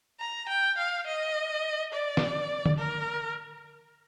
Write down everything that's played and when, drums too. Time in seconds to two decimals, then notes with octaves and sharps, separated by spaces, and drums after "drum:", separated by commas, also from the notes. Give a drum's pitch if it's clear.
0.20 A#5
0.49 G5
0.78 F5
1.06 D#5
1.93 D5
2.17 drum: snare
2.66 drum: tom D3
2.78 A#4